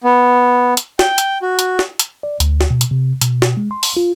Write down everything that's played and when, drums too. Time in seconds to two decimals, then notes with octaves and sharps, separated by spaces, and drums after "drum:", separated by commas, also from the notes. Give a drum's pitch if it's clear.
0.04 B3
0.77 drum: hi-hat
0.99 G5, drum: snare
1.18 drum: hi-hat
1.42 F#4
1.59 drum: hi-hat
1.79 drum: snare
1.99 drum: hi-hat
2.23 D5
2.40 D2, drum: hi-hat
2.61 drum: snare
2.71 B2
2.81 drum: hi-hat
2.91 C3
3.21 B2, drum: hi-hat
3.42 drum: snare
3.57 G#3
3.71 C6
3.83 drum: open hi-hat
3.97 F4